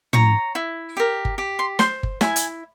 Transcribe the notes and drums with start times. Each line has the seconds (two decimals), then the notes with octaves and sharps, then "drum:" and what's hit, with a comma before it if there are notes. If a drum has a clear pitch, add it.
0.13 C#5 A#5, drum: tom
0.55 E4
0.97 G4 A#4
1.25 drum: kick G1
1.38 G4
1.59 C6
1.79 C5 C6, drum: snare
2.03 drum: kick G1
2.21 E4 G#5, drum: snare
2.36 drum: hi-hat